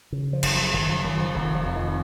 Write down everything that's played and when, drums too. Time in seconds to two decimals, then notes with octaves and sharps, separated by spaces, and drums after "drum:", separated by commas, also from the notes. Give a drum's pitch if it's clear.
0.12 C#3
0.33 F3
0.43 F#1, drum: cymbal
0.53 F3
0.73 F#1 D#3
0.89 F3
1.04 F#1 D#3 F#3
1.20 F3
1.35 F1 D#3
1.55 F3
1.65 F2
1.76 D#3